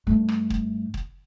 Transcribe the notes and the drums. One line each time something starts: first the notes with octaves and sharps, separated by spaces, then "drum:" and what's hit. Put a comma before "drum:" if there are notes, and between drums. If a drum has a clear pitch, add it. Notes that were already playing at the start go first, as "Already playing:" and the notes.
G2 A3
drum: rim click
drum: kick
drum: kick